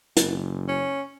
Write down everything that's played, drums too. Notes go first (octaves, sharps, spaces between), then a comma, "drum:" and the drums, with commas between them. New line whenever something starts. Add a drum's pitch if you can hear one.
F#1, drum: hi-hat
C#4